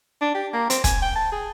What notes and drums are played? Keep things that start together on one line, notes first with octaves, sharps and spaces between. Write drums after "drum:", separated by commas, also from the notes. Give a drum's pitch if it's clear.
D4
G4
A#3
C4, drum: hi-hat
G#5, drum: kick, hi-hat
G5
A5
G#4